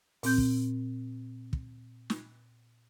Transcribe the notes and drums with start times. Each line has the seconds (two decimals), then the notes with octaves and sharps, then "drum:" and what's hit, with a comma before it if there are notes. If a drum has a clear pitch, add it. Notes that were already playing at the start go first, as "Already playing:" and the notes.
0.23 A#2 C4 G6, drum: open hi-hat
0.38 drum: kick
1.53 drum: kick
2.10 drum: snare